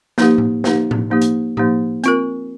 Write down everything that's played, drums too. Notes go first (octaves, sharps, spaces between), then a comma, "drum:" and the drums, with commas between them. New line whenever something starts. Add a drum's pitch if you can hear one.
F3 A#3 D#4 G4, drum: snare
drum: tom A2
F3 A#3 D#4 G4, drum: snare
drum: tom A2
F3 A#3 D#4 G4
drum: hi-hat
F3 A#3 D#4 G4, drum: tom A2
C4 F4 A#4, drum: hi-hat